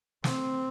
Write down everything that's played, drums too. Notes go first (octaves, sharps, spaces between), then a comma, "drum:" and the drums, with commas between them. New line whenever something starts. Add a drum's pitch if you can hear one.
C4, drum: snare